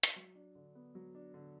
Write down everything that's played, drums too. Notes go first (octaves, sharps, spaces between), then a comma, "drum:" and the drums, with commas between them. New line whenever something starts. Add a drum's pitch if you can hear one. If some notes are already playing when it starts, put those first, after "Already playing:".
drum: hi-hat
F#3
D4
D3
B3
F#3
D4
D3